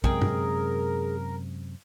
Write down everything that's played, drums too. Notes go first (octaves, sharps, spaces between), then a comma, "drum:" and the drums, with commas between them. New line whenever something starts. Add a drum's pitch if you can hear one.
F#2 C3 G#3 G#4 A#4 G5, drum: kick
drum: tom G2